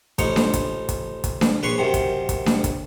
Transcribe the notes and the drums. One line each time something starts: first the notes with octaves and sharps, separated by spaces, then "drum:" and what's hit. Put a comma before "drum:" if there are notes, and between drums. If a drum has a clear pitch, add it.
A1 F3 D#4 C#5, drum: kick, hi-hat
drum: snare D4
drum: kick, hi-hat
drum: kick, hi-hat
drum: kick, hi-hat
drum: snare D4
A#1 B4 C#5 C6 C#6
F#2 C3 D#3
drum: kick, hi-hat
drum: kick, hi-hat
drum: snare D4
drum: kick, hi-hat